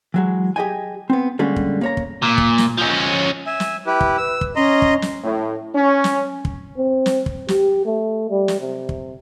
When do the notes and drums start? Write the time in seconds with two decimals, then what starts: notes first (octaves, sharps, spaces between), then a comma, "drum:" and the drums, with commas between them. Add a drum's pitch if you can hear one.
0.14 E3 F#3 G#3
0.56 G4 G#4 D#5 G5 G#5
1.10 B3 C4
1.39 D3 G3 G#3 A#3 C#4
1.56 drum: kick
1.81 A#3 C#5 A#5
1.97 drum: kick
2.23 A#2
2.38 drum: kick
2.58 drum: snare
2.78 F3 C#4
3.46 E5 G#5
3.60 drum: snare
3.86 E4 G4 B4
4.01 drum: kick
4.17 B4 E6
4.41 drum: kick
4.56 C#4 D#5 A#5 C6
4.82 drum: kick
5.02 drum: snare
5.23 A2
5.74 C#4
6.04 drum: snare
6.45 drum: kick
6.77 C4
7.06 drum: snare
7.26 drum: kick
7.48 G4, drum: snare
7.86 A3
8.30 G3
8.48 drum: snare
8.60 C3
8.89 drum: kick